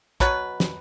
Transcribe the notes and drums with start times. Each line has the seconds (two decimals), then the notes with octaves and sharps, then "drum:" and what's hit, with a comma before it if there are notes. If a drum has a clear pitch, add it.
0.20 B2 F#3 B3 B4, drum: kick, hi-hat
0.60 drum: snare